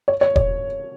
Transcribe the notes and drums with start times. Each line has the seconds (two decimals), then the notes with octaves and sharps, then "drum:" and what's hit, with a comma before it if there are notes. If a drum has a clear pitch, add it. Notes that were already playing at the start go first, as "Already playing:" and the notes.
0.08 C#5
0.21 C#5
0.36 C#5, drum: kick E1